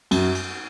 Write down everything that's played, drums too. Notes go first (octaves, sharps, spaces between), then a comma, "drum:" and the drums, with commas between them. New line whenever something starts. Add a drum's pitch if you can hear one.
F#2, drum: cymbal
drum: cymbal